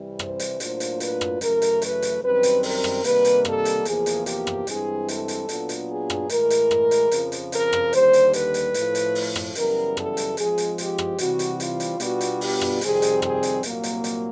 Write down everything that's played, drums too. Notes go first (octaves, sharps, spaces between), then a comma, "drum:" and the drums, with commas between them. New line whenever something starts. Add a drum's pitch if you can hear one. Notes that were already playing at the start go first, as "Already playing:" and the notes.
Already playing: C2 C3 E3 G3
C5, drum: rim click
drum: hi-hat
A2 F#3 A#3 D4 F4 C5, drum: hi-hat
drum: hi-hat
B4, drum: hi-hat
drum: rim click
F#2 C#3 E3 A3 A#4, drum: hi-hat
drum: hi-hat
B4, drum: hi-hat
drum: hi-hat
F#2 D#3 G3 C4 B4
drum: hi-hat
A#4, drum: open hi-hat
drum: rim click
C3 D#3 G3 A#3 B4, drum: hi-hat
drum: hi-hat
A4, drum: rim click
drum: hi-hat
E2 C3 F3 A#3 G#4, drum: hi-hat
drum: hi-hat
G4, drum: hi-hat
drum: rim click
G2 E3 G#3 C4 E4 G#4, drum: hi-hat
A4, drum: hi-hat
drum: hi-hat
A#2 F#3 B3 D4 F4, drum: hi-hat
drum: hi-hat
G#4
drum: rim click
A2 E3 G#3 A#4, drum: hi-hat
drum: hi-hat
drum: rim click
drum: hi-hat
F2 C#3 F3, drum: hi-hat
drum: hi-hat
A#4, drum: hi-hat
drum: rim click
D#2 D3 G3 C5, drum: hi-hat
drum: hi-hat
B4, drum: hi-hat
drum: hi-hat
A2 F3 A3, drum: hi-hat
drum: hi-hat
drum: open hi-hat
drum: rim click
F#2 C#3 E3 G3 B3 A#4, drum: hi-hat
A4, drum: rim click
drum: hi-hat
G#2 F3 G#3 C4 F4 G#4, drum: hi-hat
drum: hi-hat
G4, drum: hi-hat
drum: rim click
C3 E3 G3 C4 F#4, drum: hi-hat
drum: hi-hat
F4, drum: hi-hat
drum: hi-hat
B2 G3 B3 D4 F4 F#4, drum: hi-hat
drum: hi-hat
G4, drum: open hi-hat
drum: rim click
F2 C3 D#3 G3 C4 G#4, drum: hi-hat
drum: hi-hat
G#4, drum: rim click
drum: hi-hat
C2 A#2 F#3 A#3, drum: hi-hat
drum: hi-hat
drum: hi-hat